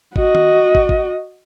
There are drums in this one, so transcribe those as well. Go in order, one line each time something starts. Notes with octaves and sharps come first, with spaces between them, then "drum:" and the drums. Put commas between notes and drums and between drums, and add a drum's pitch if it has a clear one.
F#4 D#5, drum: kick
drum: tom D#3
drum: kick
drum: kick